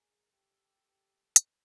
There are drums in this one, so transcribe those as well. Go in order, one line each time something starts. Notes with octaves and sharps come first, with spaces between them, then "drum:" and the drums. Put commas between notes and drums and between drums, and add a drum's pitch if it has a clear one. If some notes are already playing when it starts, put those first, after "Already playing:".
Already playing: G#4 A#4
G4 A4
drum: hi-hat